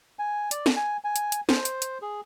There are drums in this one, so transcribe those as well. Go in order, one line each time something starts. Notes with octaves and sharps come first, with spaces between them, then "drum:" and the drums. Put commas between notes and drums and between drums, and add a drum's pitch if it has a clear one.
G#5
D5, drum: hi-hat
drum: snare
G#5
G#5
drum: hi-hat
drum: hi-hat
C5, drum: snare
drum: hi-hat
drum: hi-hat
G#4